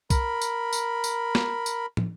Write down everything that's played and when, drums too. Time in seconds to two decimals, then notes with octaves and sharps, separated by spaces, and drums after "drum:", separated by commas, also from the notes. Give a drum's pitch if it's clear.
0.10 A#4 B5, drum: kick B1, tambourine
0.41 drum: tambourine
0.73 drum: tambourine
1.04 drum: tambourine
1.35 drum: snare
1.66 drum: tambourine
1.97 drum: tom